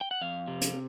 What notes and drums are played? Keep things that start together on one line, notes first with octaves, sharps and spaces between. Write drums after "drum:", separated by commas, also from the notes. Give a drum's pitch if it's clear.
G5
F#5
F2 F5
C3
drum: hi-hat